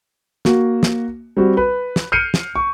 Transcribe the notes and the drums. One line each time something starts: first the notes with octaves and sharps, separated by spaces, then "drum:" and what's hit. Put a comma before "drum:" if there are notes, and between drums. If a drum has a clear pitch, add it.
A#3 F#4, drum: snare
drum: snare
G3 C4 F#4
B4
drum: snare
F6 G6 C7 C#7 D#7
drum: snare
C#6